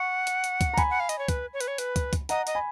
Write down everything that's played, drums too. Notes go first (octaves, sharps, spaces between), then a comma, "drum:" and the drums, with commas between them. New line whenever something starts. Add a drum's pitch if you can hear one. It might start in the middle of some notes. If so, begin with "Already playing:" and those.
Already playing: F#5 C#6
drum: hi-hat
drum: hi-hat
drum: kick, hi-hat
A#5
G#5 B5, drum: kick, hi-hat
F#5
F5
D#5, drum: hi-hat
C#5
B4, drum: kick, hi-hat
C#5
B4, drum: hi-hat
C#5
B4, drum: hi-hat
drum: kick, hi-hat
drum: kick, hi-hat
D#5 F#5 A#5, drum: hi-hat
D#5, drum: hi-hat
G#5 B5